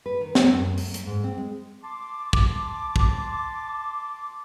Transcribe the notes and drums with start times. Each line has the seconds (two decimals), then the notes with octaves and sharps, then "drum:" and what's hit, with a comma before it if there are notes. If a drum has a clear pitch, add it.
0.06 B4
0.21 D#3
0.35 F#3, drum: snare
0.51 F#2
0.78 A3, drum: open hi-hat
0.94 A3, drum: hi-hat
1.06 G#2
1.24 C4
1.37 G#3
1.83 A5 C6 D6
2.33 drum: kick
2.96 drum: kick